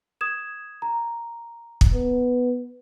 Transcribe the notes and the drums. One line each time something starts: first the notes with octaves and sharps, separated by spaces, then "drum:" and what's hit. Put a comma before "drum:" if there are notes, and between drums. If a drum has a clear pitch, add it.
D#6 G#6 E7
A#5
drum: kick
B3